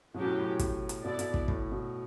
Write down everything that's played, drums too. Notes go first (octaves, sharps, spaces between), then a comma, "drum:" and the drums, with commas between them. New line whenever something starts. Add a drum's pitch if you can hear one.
B2 F#3 C#4 G4
A2
A2
drum: kick, hi-hat
drum: hi-hat
B2 B3 E4 A4 D5
B2, drum: hi-hat
drum: kick
A2, drum: kick
B2